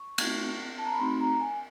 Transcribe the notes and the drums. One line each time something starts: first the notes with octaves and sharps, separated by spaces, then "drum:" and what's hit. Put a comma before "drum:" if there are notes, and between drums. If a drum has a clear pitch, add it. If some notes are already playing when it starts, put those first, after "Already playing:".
Already playing: C#6
A3 C4 D#4 F#4, drum: cymbal
A5
A#5
B5
A3 C4 D#4 F#4 C6
A#5
G#5